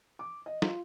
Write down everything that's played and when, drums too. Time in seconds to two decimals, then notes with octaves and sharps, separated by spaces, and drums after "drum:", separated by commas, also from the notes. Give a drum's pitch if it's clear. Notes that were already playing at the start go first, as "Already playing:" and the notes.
0.19 D6
0.46 D#5
0.62 F4, drum: snare